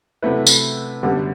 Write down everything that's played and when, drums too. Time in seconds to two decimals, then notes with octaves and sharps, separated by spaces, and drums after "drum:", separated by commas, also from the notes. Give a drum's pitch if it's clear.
0.22 C3 F#3 A3 E4 B4
0.47 drum: tambourine
1.03 F#2 D3 G3 B3 G4